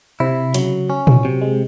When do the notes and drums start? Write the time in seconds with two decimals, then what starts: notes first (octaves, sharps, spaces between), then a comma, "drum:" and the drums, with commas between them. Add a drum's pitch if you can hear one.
0.20 C3 E4
0.54 C#3 F#3, drum: hi-hat
0.90 C#4
1.07 E3, drum: tom A#2
1.24 C3 F#3
1.41 G#3